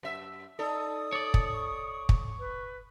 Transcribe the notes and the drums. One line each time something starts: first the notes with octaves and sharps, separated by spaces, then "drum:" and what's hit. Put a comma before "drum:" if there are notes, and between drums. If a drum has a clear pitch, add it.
F#2 E5
D#4 A4 D5 D#6
C#5 D5 A6
drum: kick
C#6
drum: kick
B4